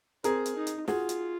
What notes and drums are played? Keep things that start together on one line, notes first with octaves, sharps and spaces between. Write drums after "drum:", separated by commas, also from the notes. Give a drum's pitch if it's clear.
C4 G#4 A#4, drum: hi-hat
drum: hi-hat
D#4
drum: hi-hat
F4 F#4 G#4, drum: snare
drum: hi-hat